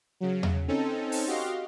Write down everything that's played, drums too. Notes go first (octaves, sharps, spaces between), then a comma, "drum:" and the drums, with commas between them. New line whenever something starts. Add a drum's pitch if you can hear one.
C#3 F#3
drum: tom E2
C4 C#4 D#4 A4
drum: open hi-hat
F#4 G4 D#5 F5 C6